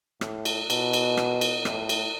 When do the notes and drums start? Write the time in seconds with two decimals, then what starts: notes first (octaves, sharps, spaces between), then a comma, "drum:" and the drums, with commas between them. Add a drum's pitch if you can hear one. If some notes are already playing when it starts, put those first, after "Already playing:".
0.21 A2, drum: rim click
0.45 drum: cymbal
0.70 B2, drum: cymbal
0.93 drum: cymbal
1.17 drum: rim click
1.41 drum: cymbal
1.65 A2, drum: rim click
1.89 drum: cymbal